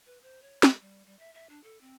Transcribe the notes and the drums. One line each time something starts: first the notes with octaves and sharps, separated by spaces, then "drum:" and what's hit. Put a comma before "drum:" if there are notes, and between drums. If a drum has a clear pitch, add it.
B4
C5
C#5
G#3, drum: snare
G3
G3
E5
E5
D4
A4
C4